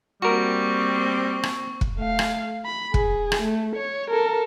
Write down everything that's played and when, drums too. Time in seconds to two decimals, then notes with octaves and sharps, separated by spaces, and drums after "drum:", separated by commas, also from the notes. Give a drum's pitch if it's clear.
0.22 G3 A#3 C4 F#4 A#4 C#6
1.43 drum: rim click
1.81 drum: kick
1.98 A3 F5
2.19 drum: rim click
2.65 B5
2.94 G#4, drum: kick
3.32 drum: rim click
3.42 A3
3.76 C#5
4.11 A4 A#4